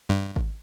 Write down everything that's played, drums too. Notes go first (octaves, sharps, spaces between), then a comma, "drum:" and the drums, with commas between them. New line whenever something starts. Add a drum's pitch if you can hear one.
G2
drum: kick G#1